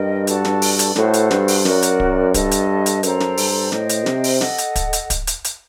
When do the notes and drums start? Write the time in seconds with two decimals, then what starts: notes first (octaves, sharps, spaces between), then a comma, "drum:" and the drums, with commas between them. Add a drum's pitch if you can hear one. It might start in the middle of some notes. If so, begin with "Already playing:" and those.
Already playing: G2 A#4 D#5 G5
0.27 F#4 A4 D5 A5, drum: hi-hat
0.45 drum: snare
0.62 drum: open hi-hat
0.79 drum: hi-hat
0.96 A2 F#4 A4 C5, drum: snare
1.13 drum: hi-hat
1.31 G2, drum: snare
1.48 drum: open hi-hat
1.65 F#2 F#4 A#4 D5, drum: snare
1.82 drum: hi-hat
2.00 drum: kick
2.34 G2 A4 D#5 A5, drum: kick, hi-hat
2.51 drum: hi-hat
2.86 drum: hi-hat
3.03 F#2 A4 C5 G5 A#5, drum: hi-hat
3.20 drum: snare
3.37 G2, drum: open hi-hat
3.72 A2 C5 D#5 G5, drum: snare
3.89 drum: hi-hat
4.06 C3, drum: snare
4.24 drum: open hi-hat
4.41 A4 D#5 F#5, drum: snare
4.58 drum: hi-hat
4.75 drum: kick, hi-hat
4.93 drum: hi-hat
5.10 drum: kick, hi-hat
5.27 drum: hi-hat
5.44 drum: hi-hat